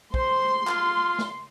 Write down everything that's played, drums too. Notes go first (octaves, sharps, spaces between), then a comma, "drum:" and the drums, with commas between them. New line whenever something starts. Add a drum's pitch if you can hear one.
C5 C6, drum: kick
F4, drum: clap
drum: snare